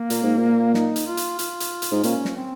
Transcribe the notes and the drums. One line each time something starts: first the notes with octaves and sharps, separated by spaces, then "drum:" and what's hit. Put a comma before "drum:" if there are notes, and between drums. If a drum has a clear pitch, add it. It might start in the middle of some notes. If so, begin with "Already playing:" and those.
Already playing: A#3
A#2, drum: hi-hat
G#2
A#2
D#4, drum: snare
drum: hi-hat
F4
drum: hi-hat
F4, drum: hi-hat
drum: hi-hat
drum: hi-hat
G#2
A#2 C#4, drum: hi-hat
drum: snare
C4